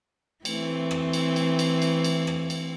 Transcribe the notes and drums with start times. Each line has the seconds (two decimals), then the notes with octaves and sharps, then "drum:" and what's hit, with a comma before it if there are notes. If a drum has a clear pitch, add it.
0.45 E3 A3 C4, drum: cymbal
0.91 drum: rim click
1.13 drum: cymbal
1.36 drum: cymbal
1.59 drum: cymbal
1.82 drum: cymbal
2.04 drum: cymbal
2.27 drum: rim click
2.50 drum: cymbal